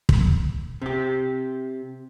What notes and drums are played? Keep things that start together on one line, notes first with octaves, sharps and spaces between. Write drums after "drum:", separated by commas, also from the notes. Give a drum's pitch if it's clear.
drum: kick
C3 G4